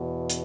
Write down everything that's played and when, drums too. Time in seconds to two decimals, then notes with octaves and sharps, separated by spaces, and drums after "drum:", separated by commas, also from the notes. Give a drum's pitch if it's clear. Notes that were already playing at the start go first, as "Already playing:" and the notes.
Already playing: E2 B2
0.30 drum: hi-hat